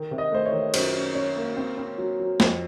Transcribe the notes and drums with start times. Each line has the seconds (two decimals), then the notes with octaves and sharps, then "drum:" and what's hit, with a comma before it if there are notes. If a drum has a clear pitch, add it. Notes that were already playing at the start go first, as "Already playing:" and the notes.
Already playing: D#3
0.11 C3
0.18 D#5
0.32 A3 C5
0.46 C#5
0.52 D#3
0.74 F#2 C5, drum: cymbal
0.94 C#4
1.15 C#4 C#5
1.36 A#3
1.57 C4
1.78 C4
1.98 F#3
2.19 F#3
2.40 F2, drum: snare